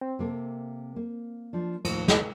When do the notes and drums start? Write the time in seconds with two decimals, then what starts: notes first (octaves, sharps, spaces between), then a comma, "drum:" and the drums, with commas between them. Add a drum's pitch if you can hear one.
0.01 C4
0.19 C3 A#3 A4
0.96 A#3
1.53 F3 D4
1.85 D#2 A2 D#3 F3, drum: cymbal
2.08 drum: snare